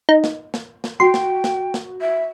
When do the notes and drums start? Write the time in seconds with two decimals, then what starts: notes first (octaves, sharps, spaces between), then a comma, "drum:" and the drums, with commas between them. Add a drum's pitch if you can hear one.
0.09 D#4
0.24 drum: snare
0.54 drum: snare
0.84 drum: snare
1.00 F#4 G5 C6
1.14 drum: snare
1.44 drum: snare
1.74 drum: snare
2.01 E5